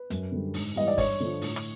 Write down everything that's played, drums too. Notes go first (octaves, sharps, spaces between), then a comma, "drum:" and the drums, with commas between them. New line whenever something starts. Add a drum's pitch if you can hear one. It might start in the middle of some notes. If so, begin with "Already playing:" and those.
Already playing: B4
F#2, drum: hi-hat
D3 G3
G#2, drum: open hi-hat
E3 G3 D#5
D5
G2 C#5, drum: kick, open hi-hat
D3 F3
A2, drum: open hi-hat
drum: rim click